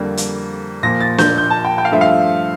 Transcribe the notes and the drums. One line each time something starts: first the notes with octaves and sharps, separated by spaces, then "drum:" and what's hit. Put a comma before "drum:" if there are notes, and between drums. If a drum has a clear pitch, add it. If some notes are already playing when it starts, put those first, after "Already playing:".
Already playing: F2 D3 G3 A#3
drum: hi-hat
A#2 F3 A#3 A#6
A6
G6, drum: snare
G6
A5
G5
G5
F5
G2 F3 A3 E5
F5